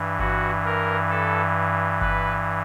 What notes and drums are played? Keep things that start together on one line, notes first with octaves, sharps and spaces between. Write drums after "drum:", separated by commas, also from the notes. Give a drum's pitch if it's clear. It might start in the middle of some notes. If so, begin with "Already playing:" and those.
Already playing: G2 E3
F#4, drum: kick G1
A#4
A4
B4, drum: kick G1